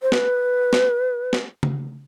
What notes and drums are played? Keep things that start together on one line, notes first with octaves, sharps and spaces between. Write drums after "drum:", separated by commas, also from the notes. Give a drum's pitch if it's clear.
C5
B4, drum: snare
drum: snare
drum: snare
drum: tom C#3